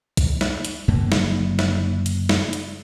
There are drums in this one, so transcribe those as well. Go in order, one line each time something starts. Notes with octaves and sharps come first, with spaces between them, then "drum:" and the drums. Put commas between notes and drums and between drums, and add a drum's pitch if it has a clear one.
drum: kick, hi-hat
drum: snare
drum: hi-hat
F#1 F#2 D3 A#3
drum: snare
drum: snare
drum: hi-hat
drum: snare
drum: hi-hat